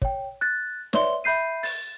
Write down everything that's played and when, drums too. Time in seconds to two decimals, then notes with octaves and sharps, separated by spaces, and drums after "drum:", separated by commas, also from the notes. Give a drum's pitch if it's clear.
0.02 C#5 G5, drum: kick
0.41 F#6 A6
0.93 B4 C#5 D5 E5 C6 G7, drum: snare
1.24 E5 B5 G6 C7 D#7
1.63 A6, drum: open hi-hat